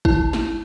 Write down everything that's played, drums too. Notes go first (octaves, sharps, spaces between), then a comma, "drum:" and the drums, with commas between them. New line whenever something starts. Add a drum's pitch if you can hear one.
E4, drum: kick
drum: snare